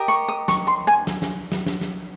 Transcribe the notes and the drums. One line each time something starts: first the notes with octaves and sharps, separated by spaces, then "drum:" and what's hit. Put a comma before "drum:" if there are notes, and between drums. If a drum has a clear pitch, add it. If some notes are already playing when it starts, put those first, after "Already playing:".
Already playing: G4 A#4 D#5
C#6
D#6
C#6, drum: snare
C6
G#5
drum: snare
drum: snare
drum: snare
drum: snare
drum: snare